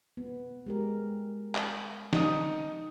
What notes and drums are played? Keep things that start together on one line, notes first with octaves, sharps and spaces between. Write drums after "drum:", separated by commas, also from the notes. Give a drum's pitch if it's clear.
B3
G#3 G4 A#4
drum: clap
D#4 D#6, drum: snare